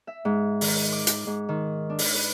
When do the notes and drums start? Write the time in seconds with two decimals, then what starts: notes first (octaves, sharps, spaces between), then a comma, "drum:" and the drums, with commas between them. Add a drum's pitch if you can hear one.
0.07 E5
0.25 G#2
0.61 D#3, drum: open hi-hat
0.92 D6
1.07 drum: hi-hat
1.27 G#2
1.49 D#3
1.90 D4
1.99 drum: open hi-hat
2.15 B4